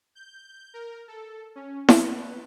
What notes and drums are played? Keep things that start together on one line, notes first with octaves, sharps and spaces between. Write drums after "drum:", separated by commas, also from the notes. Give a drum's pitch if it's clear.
G6
A#4
A4
C#4
B4, drum: snare E4